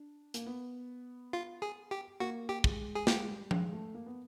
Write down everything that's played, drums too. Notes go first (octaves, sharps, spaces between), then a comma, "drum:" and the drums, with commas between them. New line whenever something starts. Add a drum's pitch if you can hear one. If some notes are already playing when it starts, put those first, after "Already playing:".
Already playing: D4
A#3, drum: hi-hat
B3
F4
G#4
G4
A#3 F#4
G4
G#3, drum: kick
G#4
G#3 G4, drum: snare
G3
G#3, drum: tom F3
A3
A#3
B3